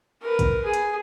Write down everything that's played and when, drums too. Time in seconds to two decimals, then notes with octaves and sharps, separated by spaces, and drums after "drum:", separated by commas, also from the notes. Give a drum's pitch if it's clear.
0.22 A#4 B4
0.39 drum: kick, hi-hat
0.64 G#4
0.74 drum: hi-hat